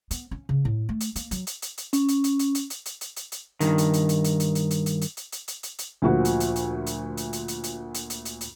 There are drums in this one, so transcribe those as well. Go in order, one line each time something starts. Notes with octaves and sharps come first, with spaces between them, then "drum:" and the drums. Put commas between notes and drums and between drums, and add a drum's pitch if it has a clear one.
B3, drum: hi-hat
C#4
C#3
A2
A3
drum: hi-hat
A#3, drum: hi-hat
F#3, drum: hi-hat
drum: hi-hat
drum: hi-hat
drum: hi-hat
C#4, drum: hi-hat
drum: hi-hat
drum: hi-hat
drum: hi-hat
drum: hi-hat
drum: hi-hat
drum: hi-hat
drum: hi-hat
drum: hi-hat
drum: hi-hat
G2 D#3, drum: hi-hat
drum: hi-hat
drum: hi-hat
drum: hi-hat
drum: hi-hat
drum: hi-hat
drum: hi-hat
drum: hi-hat
drum: hi-hat
drum: hi-hat
drum: hi-hat
drum: hi-hat
drum: hi-hat
drum: hi-hat
drum: hi-hat
D2 A#2 F3 F#4
drum: hi-hat
drum: hi-hat
drum: hi-hat
drum: hi-hat
drum: hi-hat
drum: hi-hat
drum: hi-hat
drum: hi-hat
drum: hi-hat
drum: hi-hat
drum: hi-hat
drum: hi-hat